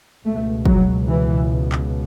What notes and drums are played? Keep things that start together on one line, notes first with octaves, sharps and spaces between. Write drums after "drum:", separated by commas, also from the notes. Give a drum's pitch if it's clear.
C#2 B2 A3
F#3, drum: kick
E3
drum: clap